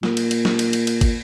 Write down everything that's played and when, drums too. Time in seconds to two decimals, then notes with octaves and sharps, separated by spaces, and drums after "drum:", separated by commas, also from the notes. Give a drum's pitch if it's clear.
0.03 A#2, drum: snare
0.17 drum: cymbal
0.31 drum: cymbal
0.45 drum: snare
0.59 drum: cymbal
0.73 drum: cymbal
0.87 drum: cymbal
1.01 drum: kick, cymbal